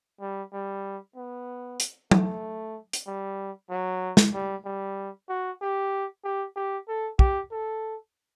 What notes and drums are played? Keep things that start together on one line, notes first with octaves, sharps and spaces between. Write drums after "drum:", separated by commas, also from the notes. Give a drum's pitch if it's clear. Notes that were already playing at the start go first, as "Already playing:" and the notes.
G3
G3
B3
drum: hi-hat
A3, drum: tom F#3
drum: hi-hat
G3
F#3
drum: snare
G3
G3
F#4
G4
G4
G4
A4
G4, drum: kick
A4